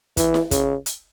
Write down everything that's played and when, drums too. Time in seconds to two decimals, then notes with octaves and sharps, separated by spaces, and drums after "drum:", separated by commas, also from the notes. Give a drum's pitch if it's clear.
0.17 E3, drum: kick, hi-hat
0.34 drum: snare E4
0.51 C#3, drum: kick, hi-hat
0.86 drum: hi-hat